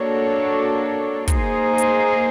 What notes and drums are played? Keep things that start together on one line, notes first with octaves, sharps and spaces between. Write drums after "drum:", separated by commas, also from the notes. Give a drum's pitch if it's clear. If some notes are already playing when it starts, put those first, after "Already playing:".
Already playing: A#3 D4 F#4 A4 C#5
A#3 D#4 G#4 C5, drum: kick, hi-hat
drum: hi-hat